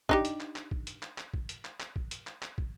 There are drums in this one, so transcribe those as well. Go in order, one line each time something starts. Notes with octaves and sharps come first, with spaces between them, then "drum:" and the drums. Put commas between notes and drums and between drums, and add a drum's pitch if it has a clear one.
D4 D#4 G4, drum: kick
drum: hi-hat
drum: clap
drum: clap
drum: kick
drum: hi-hat
drum: clap
drum: clap
drum: kick
drum: hi-hat
drum: clap
drum: clap
drum: kick
drum: hi-hat
drum: clap
drum: clap
drum: kick